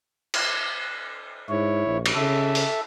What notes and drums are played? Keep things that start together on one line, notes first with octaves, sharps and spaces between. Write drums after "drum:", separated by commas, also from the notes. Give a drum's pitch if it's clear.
drum: cymbal
G#2 E4 C#5
A#1
drum: cymbal
C#3 A4 E5
drum: open hi-hat